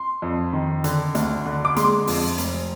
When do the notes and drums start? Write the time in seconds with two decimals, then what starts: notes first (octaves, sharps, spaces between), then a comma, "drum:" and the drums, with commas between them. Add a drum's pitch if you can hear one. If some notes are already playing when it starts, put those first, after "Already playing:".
Already playing: C6
0.22 F2
0.53 D#3
0.84 D3, drum: hi-hat
1.15 D2, drum: hi-hat
1.46 D3
1.65 D6
1.76 G#3 C6, drum: hi-hat
2.07 F2, drum: open hi-hat
2.38 F1, drum: hi-hat